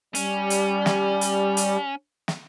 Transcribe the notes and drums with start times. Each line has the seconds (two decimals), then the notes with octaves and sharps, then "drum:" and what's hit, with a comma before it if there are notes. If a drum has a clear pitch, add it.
0.15 G3 C#4, drum: hi-hat
0.50 drum: hi-hat
0.86 drum: snare
1.21 drum: hi-hat
1.57 drum: hi-hat
2.28 drum: snare